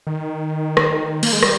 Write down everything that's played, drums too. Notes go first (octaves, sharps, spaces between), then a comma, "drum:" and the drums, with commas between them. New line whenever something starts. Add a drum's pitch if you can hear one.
D#3
drum: rim click
A#3, drum: cymbal
G#3
G3, drum: rim click